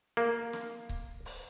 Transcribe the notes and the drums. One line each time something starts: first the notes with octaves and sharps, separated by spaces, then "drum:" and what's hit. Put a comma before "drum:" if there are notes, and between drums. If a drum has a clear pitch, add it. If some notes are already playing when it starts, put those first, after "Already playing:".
A#3
drum: snare
drum: kick C#1
drum: open hi-hat